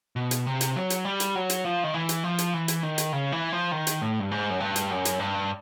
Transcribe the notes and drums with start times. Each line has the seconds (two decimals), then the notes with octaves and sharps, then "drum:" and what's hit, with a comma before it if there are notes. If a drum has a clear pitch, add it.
0.16 B2
0.31 drum: hi-hat
0.46 C3
0.61 drum: hi-hat
0.76 F#3
0.90 drum: hi-hat
1.05 G3
1.20 drum: hi-hat
1.35 F#3
1.50 drum: hi-hat
1.65 F3
1.84 D#3
1.94 E3
2.09 drum: hi-hat
2.24 F3
2.38 drum: hi-hat
2.54 E3
2.68 drum: hi-hat
2.83 D#3
2.98 drum: hi-hat
3.13 C#3
3.32 E3
3.53 F3
3.72 D#3
3.87 drum: hi-hat
4.01 A2
4.20 G2
4.31 G#2
4.50 F#2
4.60 G2
4.76 drum: hi-hat
4.91 F#2
5.05 drum: hi-hat
5.19 G2